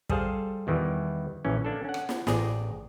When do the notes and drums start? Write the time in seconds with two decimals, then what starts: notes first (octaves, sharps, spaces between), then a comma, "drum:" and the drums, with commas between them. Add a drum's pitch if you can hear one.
0.10 G3 G#4 A4 C5 F5, drum: kick
0.67 E2 D#3 E3 G3
1.45 A#1 E3 C#4
1.64 A#3 D4 A4
1.84 C#4 F#5
1.94 drum: rim click
2.09 drum: snare
2.27 A1 G#4 D5 A#5, drum: snare